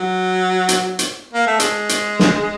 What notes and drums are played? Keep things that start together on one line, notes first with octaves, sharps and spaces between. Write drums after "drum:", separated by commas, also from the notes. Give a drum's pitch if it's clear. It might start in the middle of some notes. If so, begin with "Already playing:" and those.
Already playing: F#3
drum: hi-hat
drum: hi-hat
A#3
A3
G#3, drum: hi-hat
drum: hi-hat
drum: snare